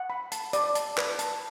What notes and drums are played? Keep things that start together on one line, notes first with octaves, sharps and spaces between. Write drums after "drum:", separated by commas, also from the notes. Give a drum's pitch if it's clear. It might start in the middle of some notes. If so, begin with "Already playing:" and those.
Already playing: F#5
B5
A5, drum: hi-hat
D5, drum: hi-hat
A5, drum: hi-hat
B4, drum: clap
A5, drum: hi-hat